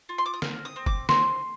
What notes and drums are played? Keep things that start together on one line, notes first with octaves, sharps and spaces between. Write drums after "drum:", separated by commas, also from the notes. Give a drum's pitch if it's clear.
F4
C6
D6
D#6
C4 F6, drum: snare
D#6
C4
D6, drum: kick
C4 C6, drum: snare